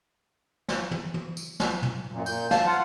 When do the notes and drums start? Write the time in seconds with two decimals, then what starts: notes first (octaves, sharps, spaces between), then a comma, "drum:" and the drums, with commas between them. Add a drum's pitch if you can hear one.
0.68 drum: snare
0.91 drum: tom
1.14 drum: tom
1.37 drum: tambourine
1.60 drum: snare
1.82 drum: tom
2.12 F#2 A#2
2.26 A#2 G6, drum: tambourine
2.51 F5 A5, drum: snare
2.66 F4 F#5